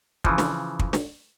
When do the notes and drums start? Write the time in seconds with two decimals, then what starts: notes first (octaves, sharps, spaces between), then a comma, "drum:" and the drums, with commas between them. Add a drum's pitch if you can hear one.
0.24 C#3 E3 F3, drum: kick
0.38 drum: snare
0.79 drum: kick
0.93 drum: snare